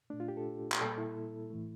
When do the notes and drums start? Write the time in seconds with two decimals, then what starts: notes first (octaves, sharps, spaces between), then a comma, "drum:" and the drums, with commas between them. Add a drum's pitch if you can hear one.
0.10 A#2 A3 D4
0.20 F4
0.28 G4
0.37 A4
0.72 drum: clap
0.81 A#2 G3 A#3 A4
0.98 E4
1.50 A2 E3 A3